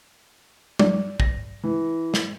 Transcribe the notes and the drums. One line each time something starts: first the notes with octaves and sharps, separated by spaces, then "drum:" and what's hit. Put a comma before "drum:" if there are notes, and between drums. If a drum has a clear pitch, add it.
F#3, drum: tom G3
A#6, drum: kick
E3
drum: snare